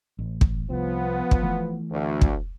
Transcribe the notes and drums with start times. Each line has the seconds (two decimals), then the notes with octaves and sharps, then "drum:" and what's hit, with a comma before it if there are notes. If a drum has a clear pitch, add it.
0.19 A1
0.41 drum: kick
0.70 C2 F3 B3
1.31 drum: kick
1.43 E3 A3
1.90 D2
2.21 drum: kick